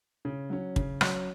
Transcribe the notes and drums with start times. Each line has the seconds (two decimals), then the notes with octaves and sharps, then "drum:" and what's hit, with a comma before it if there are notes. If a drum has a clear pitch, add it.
0.25 C#3
0.50 F#3 C#4
0.76 C#3, drum: kick
1.01 F#3 C#4, drum: rim click